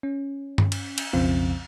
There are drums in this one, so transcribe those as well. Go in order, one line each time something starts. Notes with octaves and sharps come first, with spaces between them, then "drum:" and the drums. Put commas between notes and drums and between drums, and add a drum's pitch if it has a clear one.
C#4
drum: tom G2
drum: cymbal
drum: cymbal
B1 F2 C#3 F3 C4 F4